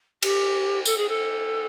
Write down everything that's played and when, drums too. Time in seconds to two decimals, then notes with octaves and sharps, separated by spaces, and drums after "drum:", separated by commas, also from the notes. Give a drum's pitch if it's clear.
0.23 G4, drum: cymbal
0.86 A4, drum: tambourine
0.97 G#4
1.09 A4